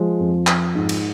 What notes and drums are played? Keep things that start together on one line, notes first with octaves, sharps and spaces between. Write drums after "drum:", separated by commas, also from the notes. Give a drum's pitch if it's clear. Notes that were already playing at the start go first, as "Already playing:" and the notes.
Already playing: F3 G#3
F2
F3, drum: clap
G#2
drum: cymbal